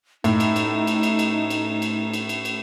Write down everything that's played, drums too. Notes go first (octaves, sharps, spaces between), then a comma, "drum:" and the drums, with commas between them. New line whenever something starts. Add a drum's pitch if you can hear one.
A2 D#4, drum: cymbal
drum: cymbal
drum: cymbal
drum: cymbal
drum: cymbal
drum: cymbal
drum: cymbal
drum: cymbal
drum: cymbal
drum: cymbal
drum: cymbal